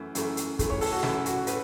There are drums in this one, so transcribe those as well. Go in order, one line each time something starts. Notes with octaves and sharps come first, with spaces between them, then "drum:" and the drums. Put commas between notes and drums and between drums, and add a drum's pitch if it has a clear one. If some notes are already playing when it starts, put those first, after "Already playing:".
Already playing: F#2 E3 A3
F#2 E3 A3, drum: hi-hat
drum: hi-hat
F#2 E3 A3, drum: kick, hi-hat
C#5
A4, drum: open hi-hat
F#4
F#2 E3 A3 E4, drum: snare
F#4, drum: hi-hat
A2 A3 B4, drum: hi-hat